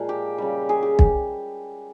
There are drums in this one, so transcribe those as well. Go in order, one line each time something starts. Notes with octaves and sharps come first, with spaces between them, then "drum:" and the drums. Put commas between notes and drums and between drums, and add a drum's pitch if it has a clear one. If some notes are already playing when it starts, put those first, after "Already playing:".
Already playing: A#2 F3 G#3
G4
C#3 G3
G#4
G4
drum: kick